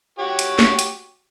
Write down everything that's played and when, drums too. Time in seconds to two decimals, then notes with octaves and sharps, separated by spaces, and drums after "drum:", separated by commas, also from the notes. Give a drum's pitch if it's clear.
0.19 F#4 G4 C#5
0.39 drum: hi-hat
0.59 drum: snare
0.79 drum: hi-hat